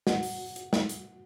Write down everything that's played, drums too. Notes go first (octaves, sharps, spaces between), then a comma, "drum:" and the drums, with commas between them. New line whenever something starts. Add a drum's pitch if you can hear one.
F#4, drum: snare
drum: open hi-hat
drum: hi-hat
drum: snare
drum: hi-hat